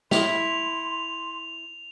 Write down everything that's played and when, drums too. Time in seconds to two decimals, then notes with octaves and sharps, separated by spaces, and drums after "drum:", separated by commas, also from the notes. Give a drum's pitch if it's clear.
0.11 E4 C6 F7, drum: snare